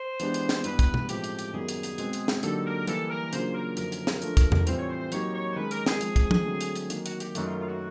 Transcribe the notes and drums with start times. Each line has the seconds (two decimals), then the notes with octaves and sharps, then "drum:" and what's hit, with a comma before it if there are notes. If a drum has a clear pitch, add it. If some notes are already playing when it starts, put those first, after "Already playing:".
Already playing: C5
0.20 E3 G#3 B3 D4 G4, drum: hi-hat
0.34 drum: hi-hat
0.49 drum: snare
0.64 G2 E3 G3 B3 E4 B4, drum: hi-hat
0.79 drum: kick, hi-hat
0.94 drum: tom B2
1.09 A2 F3 G#3 C4 G4, drum: hi-hat
1.24 drum: hi-hat
1.39 drum: hi-hat
1.54 F#2 D#3 G3 B3 G#4
1.68 drum: hi-hat
1.83 drum: hi-hat
1.98 B2 G#3 C4, drum: hi-hat
2.13 drum: hi-hat
2.28 drum: snare
2.43 D3 F#3 A#3 D#4 G4 A4, drum: hi-hat
2.66 A#4
2.87 E3 G3 A#3 A4, drum: hi-hat
3.10 A#4
3.33 C#3 F#3 A#3 D4 F4 C5, drum: hi-hat
3.54 A#4
3.77 F#2 D3 F3 A#3 D#4 A#4, drum: hi-hat
3.92 drum: hi-hat
4.07 drum: snare
4.22 F3 A3 D4 F4 A4, drum: hi-hat
4.37 drum: kick, hi-hat
4.52 drum: tom E2
4.67 A2 E3 G3 C4 F4 C5, drum: hi-hat
4.79 C#5
4.89 C5
5.00 C5
5.12 F#3 A#3 D#4 G4 C#5, drum: hi-hat
5.34 C#5
5.52 C5
5.56 D#3 G#3 C#4 B4
5.71 A#4, drum: hi-hat
5.86 G#4, drum: snare
6.01 F3 G#3 C4, drum: hi-hat
6.16 drum: kick, hi-hat
6.31 drum: tom F3
6.46 D3 F#3 A3 C4
6.61 drum: hi-hat
6.76 drum: hi-hat
6.90 D#3 F#3 A#3, drum: hi-hat
7.06 F#4, drum: hi-hat
7.20 G4, drum: hi-hat
7.35 F#2 D#3 F#3 A3 F#4, drum: hi-hat
7.46 F4
7.60 F4
7.68 F#4